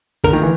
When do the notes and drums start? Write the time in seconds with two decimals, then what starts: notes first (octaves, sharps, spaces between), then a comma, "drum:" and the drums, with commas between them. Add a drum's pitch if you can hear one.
0.24 D3 A#4, drum: kick
0.33 D#3
0.42 E3